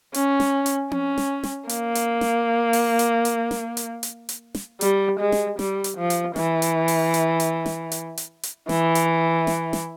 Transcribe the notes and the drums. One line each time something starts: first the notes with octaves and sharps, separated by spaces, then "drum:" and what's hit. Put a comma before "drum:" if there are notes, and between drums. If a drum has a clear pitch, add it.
C#4, drum: hi-hat
drum: snare
drum: hi-hat
C#4, drum: tom C4
drum: snare
drum: snare
A#3, drum: hi-hat
drum: hi-hat
drum: snare
drum: open hi-hat
drum: hi-hat
drum: hi-hat
drum: snare
drum: hi-hat
drum: hi-hat
drum: hi-hat
drum: snare
G3, drum: hi-hat
G#3
drum: snare
G3, drum: snare
drum: hi-hat
F3
drum: hi-hat
E3, drum: snare
drum: hi-hat
drum: open hi-hat
drum: hi-hat
drum: hi-hat
drum: snare
drum: hi-hat
drum: hi-hat
drum: hi-hat
E3, drum: snare
drum: hi-hat
drum: snare
drum: snare